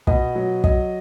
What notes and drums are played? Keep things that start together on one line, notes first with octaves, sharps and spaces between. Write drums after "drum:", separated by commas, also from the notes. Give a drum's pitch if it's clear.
B2 D#5, drum: kick
F#3
F#3 D#5, drum: kick